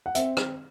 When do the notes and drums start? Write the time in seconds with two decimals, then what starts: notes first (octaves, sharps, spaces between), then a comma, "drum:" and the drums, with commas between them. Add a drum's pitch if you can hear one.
0.06 F#5
0.15 C4 E5, drum: hi-hat
0.37 drum: rim click